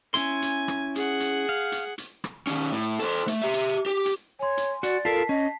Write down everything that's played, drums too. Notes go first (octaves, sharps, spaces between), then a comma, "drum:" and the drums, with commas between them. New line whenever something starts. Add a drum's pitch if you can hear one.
C#4 E4 G#5 C6, drum: hi-hat
drum: hi-hat
drum: rim click
G#4 F#5, drum: hi-hat
drum: hi-hat
F5
drum: hi-hat
drum: hi-hat
drum: rim click
D#3 C#4, drum: hi-hat
A2
A4 C5, drum: hi-hat
A3, drum: hi-hat
G4 E5
drum: hi-hat
G4
drum: hi-hat
C#5 G#5 C6
drum: hi-hat
F#4 D5, drum: hi-hat
F4 A4 A#4 A5 B6 C7
C#4 D#5